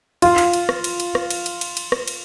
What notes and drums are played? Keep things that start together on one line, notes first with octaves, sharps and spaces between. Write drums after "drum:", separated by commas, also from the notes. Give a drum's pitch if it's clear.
F4, drum: cymbal
drum: cymbal
drum: cymbal
drum: rim click
drum: cymbal
drum: cymbal
drum: rim click
drum: cymbal
drum: cymbal
drum: cymbal
drum: cymbal
drum: rim click
drum: cymbal